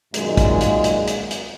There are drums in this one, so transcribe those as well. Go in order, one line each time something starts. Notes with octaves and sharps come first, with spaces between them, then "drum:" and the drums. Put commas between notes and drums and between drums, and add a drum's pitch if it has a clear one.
F#2 A#2 D#3 G#3, drum: hi-hat
drum: kick, hi-hat
drum: hi-hat
drum: hi-hat
drum: hi-hat
drum: hi-hat